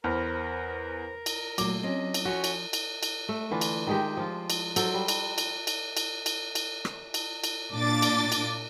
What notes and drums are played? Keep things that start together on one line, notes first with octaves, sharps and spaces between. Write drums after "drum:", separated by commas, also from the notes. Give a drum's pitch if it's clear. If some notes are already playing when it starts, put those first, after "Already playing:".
E2 A#4 C5 B5 F6
drum: cymbal
A#2 F#3 A3 D6, drum: cymbal
C4 C#4 D#5
drum: cymbal
F3 C#4 F#4
drum: cymbal
drum: cymbal
drum: cymbal
A3
D3 E3 D4 F4
drum: cymbal
D#3 G#3 G4
F3 F4
drum: cymbal
F#3 A4 C5, drum: cymbal
G3
drum: cymbal
drum: cymbal
drum: cymbal
drum: cymbal
drum: cymbal
drum: cymbal
drum: rim click
drum: cymbal
drum: cymbal
A#2 D4 D6 A6
drum: cymbal
drum: cymbal